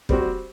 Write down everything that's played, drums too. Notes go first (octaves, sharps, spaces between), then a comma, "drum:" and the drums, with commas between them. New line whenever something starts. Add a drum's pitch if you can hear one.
G3 C4 F#4, drum: kick